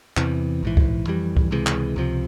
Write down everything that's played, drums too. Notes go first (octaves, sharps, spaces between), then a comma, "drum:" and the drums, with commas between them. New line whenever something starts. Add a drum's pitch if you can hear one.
E2 C3 E3, drum: clap
A#1 G#2 E3
drum: kick C#2
F2 E3 G3
drum: kick C#2
C#2 C3 E3 G#3
drum: clap
C#2 C3 F3